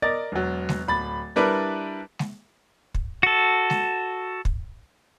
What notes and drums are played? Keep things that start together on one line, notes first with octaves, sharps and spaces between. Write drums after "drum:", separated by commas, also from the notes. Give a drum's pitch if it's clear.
A#4 D5 D#5 A6
E1 F#3
drum: snare
D1 B5 A6
G3 D4 E4 A#4 B4 D5
drum: snare
drum: kick
F#4 A4
drum: snare
drum: kick